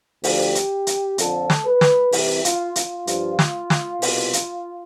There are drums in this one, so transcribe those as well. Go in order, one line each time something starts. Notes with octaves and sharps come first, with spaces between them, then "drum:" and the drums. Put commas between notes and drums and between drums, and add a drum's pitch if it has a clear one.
D2 D3 F3 G4, drum: open hi-hat
drum: hi-hat
drum: hi-hat
F2 D3 F3 A4, drum: hi-hat
drum: snare
B4
drum: snare
C2 C3 E3 G4, drum: open hi-hat
F4, drum: hi-hat
F4, drum: hi-hat
G2 F3, drum: hi-hat
drum: snare
drum: snare
C2 B2, drum: open hi-hat
drum: hi-hat